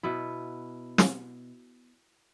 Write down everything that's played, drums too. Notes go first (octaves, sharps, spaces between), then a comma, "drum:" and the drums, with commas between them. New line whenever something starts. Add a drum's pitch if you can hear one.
B2 B3 E4
drum: snare